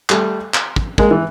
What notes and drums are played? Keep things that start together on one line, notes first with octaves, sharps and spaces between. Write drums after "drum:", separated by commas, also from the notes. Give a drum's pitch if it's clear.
G3 A3, drum: clap
drum: clap
drum: kick
G#3 A#3, drum: kick
E3